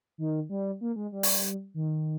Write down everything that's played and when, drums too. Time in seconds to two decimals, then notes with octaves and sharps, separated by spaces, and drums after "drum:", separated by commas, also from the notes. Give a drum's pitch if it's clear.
0.18 D#3
0.49 G3
0.81 A#3
0.96 G#3
1.12 G3
1.23 drum: open hi-hat
1.74 D#3